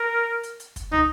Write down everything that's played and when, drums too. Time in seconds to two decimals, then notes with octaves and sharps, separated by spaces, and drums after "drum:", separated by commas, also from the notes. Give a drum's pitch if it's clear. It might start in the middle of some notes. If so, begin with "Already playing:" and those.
Already playing: A#4
0.43 drum: hi-hat
0.60 drum: hi-hat
0.76 drum: kick, hi-hat
0.92 D#4, drum: tom